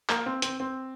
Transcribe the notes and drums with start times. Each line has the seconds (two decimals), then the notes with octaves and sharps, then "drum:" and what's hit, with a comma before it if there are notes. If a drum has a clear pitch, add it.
0.09 A#3, drum: clap
0.26 C4
0.42 C4, drum: hi-hat
0.60 C4